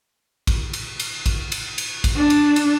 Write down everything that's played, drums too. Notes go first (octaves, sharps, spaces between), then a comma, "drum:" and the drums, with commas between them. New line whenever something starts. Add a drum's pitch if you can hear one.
drum: kick, cymbal
drum: cymbal
drum: cymbal
drum: kick, cymbal
drum: cymbal
drum: cymbal
drum: kick, cymbal
D4
drum: cymbal
drum: cymbal